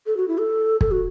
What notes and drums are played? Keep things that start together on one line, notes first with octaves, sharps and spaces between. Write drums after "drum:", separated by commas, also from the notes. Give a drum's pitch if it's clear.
A4
F#4
E4
A4
A4, drum: kick
F#4